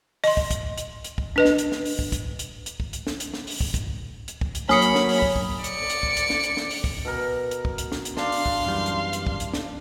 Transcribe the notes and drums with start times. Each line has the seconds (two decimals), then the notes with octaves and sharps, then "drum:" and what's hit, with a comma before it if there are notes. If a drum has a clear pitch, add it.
0.24 D#5 C6, drum: open hi-hat
0.37 drum: kick
0.51 drum: kick, hi-hat
0.78 drum: hi-hat
1.04 drum: hi-hat
1.18 drum: kick
1.36 D4 B4 D#5
1.45 drum: snare
1.58 drum: hi-hat
1.72 drum: snare
1.85 drum: open hi-hat
1.99 drum: kick
2.12 drum: kick, hi-hat
2.39 drum: hi-hat
2.66 drum: hi-hat
2.80 drum: kick
2.93 drum: hi-hat
3.07 drum: snare
3.20 drum: hi-hat
3.34 drum: snare
3.47 drum: open hi-hat
3.61 drum: kick
3.74 drum: kick, hi-hat
4.28 drum: hi-hat
4.41 drum: kick
4.55 drum: hi-hat
4.69 F#3 A#3 C#5 G#5 B5 D#6 C#7, drum: snare
4.82 drum: hi-hat
4.95 drum: snare
5.09 drum: open hi-hat
5.22 drum: kick
5.36 drum: kick
5.64 D5 C#7, drum: hi-hat
5.90 drum: hi-hat
6.03 drum: kick
6.17 drum: hi-hat
6.30 drum: snare
6.44 drum: hi-hat
6.57 drum: snare
6.70 drum: open hi-hat
6.84 drum: kick
7.05 B2 A#4
7.51 drum: hi-hat
7.65 drum: kick
7.78 drum: hi-hat
7.92 drum: snare
8.05 drum: hi-hat
8.17 D4 F5 C6, drum: snare
8.32 drum: open hi-hat
8.46 drum: kick
8.66 F#2 E3 G3
8.86 drum: hi-hat
9.13 drum: hi-hat
9.27 drum: kick
9.40 drum: hi-hat
9.53 drum: snare